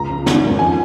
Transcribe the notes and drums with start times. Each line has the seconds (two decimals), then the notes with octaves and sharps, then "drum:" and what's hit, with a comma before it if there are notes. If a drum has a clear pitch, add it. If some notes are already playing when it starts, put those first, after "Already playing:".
Already playing: C#2 A#5
0.09 C#3 F3
0.26 G#1, drum: snare
0.43 G#2 D#3 C#4
0.59 F2 G#5